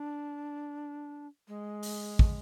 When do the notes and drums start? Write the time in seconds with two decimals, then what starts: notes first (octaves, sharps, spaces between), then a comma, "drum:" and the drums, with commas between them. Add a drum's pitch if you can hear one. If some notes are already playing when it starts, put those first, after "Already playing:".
Already playing: D4
1.48 G#3
1.83 drum: open hi-hat
2.19 drum: kick